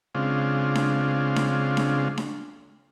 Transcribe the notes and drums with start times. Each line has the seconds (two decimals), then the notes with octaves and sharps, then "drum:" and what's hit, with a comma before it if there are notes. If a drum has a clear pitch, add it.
0.15 C#3 G#3 C4 D4 F4
0.75 drum: snare D4
1.36 drum: snare D4
1.77 drum: snare D4
2.17 drum: snare D4